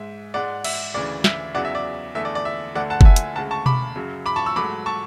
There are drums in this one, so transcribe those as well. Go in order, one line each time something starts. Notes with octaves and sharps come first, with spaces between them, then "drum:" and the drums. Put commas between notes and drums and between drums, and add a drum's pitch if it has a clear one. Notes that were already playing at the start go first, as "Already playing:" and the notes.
Already playing: G#2 G#3 E5
G#2 G#3 D5 F#5
E5, drum: cymbal
D2 C#3 E3 D5
E5, drum: snare
E2 C#3 F#3 D5 F#5
E5
D5
E2 D3 A3 E5
D5
D5
E5
D2 D3 A3 D5 F#5
F#5 A5
A5, drum: kick F#1
E5 G#5
drum: hi-hat
D2 C#3 G#3 F#5 A5
A5 C#6
B5 D6, drum: tom B2
F#2 C#3 F#3
B5 D6
A5 C#6
C#6 E6
G#2 F#3 A3 B5 D6
A5 C#6